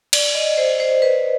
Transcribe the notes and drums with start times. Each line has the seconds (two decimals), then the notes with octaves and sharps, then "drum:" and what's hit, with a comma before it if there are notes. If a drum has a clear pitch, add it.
0.13 D5, drum: cymbal
0.35 D#5
0.58 C5
0.80 C5
1.02 B4